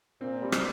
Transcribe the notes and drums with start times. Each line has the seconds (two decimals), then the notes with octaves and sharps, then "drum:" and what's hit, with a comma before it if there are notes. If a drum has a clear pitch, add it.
0.21 A#2 C4
0.42 G3
0.52 drum: rim click